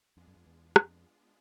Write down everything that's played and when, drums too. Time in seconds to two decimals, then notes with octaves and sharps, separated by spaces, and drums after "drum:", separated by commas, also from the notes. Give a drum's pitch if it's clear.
0.17 F2 G#3 B3 D4 F4 G#4
0.27 F#2
0.36 F2
0.46 E2
0.76 F2, drum: rim click